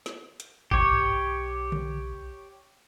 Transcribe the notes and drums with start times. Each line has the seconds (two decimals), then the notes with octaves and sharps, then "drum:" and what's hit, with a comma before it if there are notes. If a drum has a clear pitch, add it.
0.06 drum: snare
0.40 drum: hi-hat
0.71 B1 G4 C#5, drum: kick
0.93 drum: tom G2
1.72 drum: tom C#3